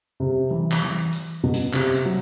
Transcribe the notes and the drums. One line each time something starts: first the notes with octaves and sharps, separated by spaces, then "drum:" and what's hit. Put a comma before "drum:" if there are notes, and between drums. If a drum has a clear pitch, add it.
C3
E3
drum: clap
E3
drum: hi-hat
B2
drum: hi-hat
C3, drum: clap
drum: hi-hat
F#3